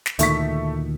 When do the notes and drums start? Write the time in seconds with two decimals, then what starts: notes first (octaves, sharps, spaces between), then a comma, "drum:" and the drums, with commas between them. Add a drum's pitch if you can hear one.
0.06 drum: snare
0.19 D2 A#2 D#3 A3 C#6 B6, drum: hi-hat